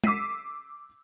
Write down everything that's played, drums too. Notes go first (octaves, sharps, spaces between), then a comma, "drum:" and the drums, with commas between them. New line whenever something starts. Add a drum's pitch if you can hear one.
D6 E6 B6 C7 D#7, drum: tom G#3